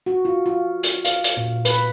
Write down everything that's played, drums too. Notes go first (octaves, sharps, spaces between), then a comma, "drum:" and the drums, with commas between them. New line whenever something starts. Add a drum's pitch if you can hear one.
F#4
F4
F4
drum: hi-hat
F5, drum: hi-hat
drum: hi-hat
A#2
B4, drum: hi-hat